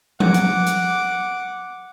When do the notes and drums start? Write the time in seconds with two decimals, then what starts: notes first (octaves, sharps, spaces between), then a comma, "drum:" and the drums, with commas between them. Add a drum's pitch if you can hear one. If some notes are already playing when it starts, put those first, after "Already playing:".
0.20 F#5 D6, drum: tom F3
0.34 drum: hi-hat
0.66 drum: hi-hat